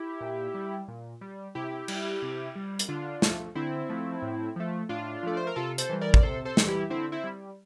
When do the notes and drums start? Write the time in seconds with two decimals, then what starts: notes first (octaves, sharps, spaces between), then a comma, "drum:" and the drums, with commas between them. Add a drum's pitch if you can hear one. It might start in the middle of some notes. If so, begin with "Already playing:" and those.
Already playing: E4 G4
0.21 A#2
0.55 G3
0.88 A#2
1.21 G3
1.55 C3 E4 G4
1.88 G3, drum: cymbal
2.22 C3
2.55 G3
2.79 drum: hi-hat
2.89 D3 D4 F4
3.22 F3 A3, drum: snare
3.55 D3 C4 E4
3.89 F3 A3
4.22 A2
4.56 F3 A3
4.89 A2 D4 F4
5.23 F3 A3 D5
5.37 C5
5.47 A#4
5.56 C3 F4 A4
5.78 A4 C5, drum: hi-hat
5.89 E3 G3
6.01 A#4 D5
6.14 D5, drum: kick
6.23 C3 A4 C5
6.45 A4 C5
6.57 E3 G3, drum: snare
6.68 E4 G4
6.90 D3 C4 E4
7.12 C4 E4
7.24 G3